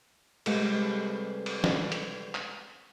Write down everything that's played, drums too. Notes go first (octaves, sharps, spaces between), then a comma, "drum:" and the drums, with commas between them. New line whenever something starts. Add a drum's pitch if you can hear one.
C3 G3 G#3 A4 B4 F5, drum: cymbal
drum: cymbal
drum: snare
drum: hi-hat
drum: clap